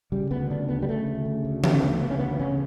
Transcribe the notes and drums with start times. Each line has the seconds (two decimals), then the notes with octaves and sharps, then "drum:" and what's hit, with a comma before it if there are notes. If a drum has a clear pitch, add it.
0.12 C#3 G3
0.31 D2 B3
0.50 C#3 D4
0.68 D2 B3
0.82 G3
0.88 C#3 A3
1.07 D2
1.25 C#3
1.45 D2
1.64 C#3 B3, drum: tom E3
1.82 D2
2.01 C#3 B3
2.10 C#4
2.19 D2 B3
2.39 C#3 C#4